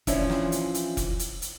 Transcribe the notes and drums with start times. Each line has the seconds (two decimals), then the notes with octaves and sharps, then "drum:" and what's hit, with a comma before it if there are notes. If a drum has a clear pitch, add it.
0.07 E3 F3 C#4 D4 E4, drum: kick F1, hi-hat
0.30 drum: snare
0.52 drum: hi-hat
0.74 drum: hi-hat
0.97 drum: kick F1, hi-hat
1.19 drum: hi-hat
1.42 drum: hi-hat